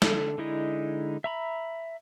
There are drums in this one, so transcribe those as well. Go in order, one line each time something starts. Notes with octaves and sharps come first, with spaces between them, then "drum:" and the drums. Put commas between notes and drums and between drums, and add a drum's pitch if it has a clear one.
D3 A4, drum: snare
D3 G#3 D#4 E4 D#5
E5 A#5 B5